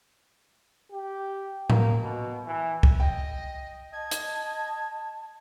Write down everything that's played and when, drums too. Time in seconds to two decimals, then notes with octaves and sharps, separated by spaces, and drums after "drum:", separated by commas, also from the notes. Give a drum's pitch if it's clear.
0.92 G4
1.70 A#3, drum: tom A2
2.02 B2
2.46 E3
2.83 drum: kick C2
3.00 D#5 G5
3.93 D#5 A5 G#6
4.11 drum: hi-hat